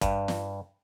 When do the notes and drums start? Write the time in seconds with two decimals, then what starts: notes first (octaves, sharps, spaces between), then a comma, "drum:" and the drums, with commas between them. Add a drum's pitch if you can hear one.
0.01 G2, drum: kick, hi-hat
0.28 drum: snare